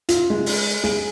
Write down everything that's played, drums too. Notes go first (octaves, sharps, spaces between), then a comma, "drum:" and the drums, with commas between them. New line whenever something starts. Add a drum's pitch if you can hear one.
F4, drum: hi-hat
G#3
drum: open hi-hat
G#4, drum: snare